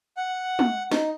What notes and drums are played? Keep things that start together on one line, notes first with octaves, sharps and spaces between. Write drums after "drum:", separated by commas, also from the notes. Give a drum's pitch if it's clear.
F#5
drum: tom
D#4, drum: snare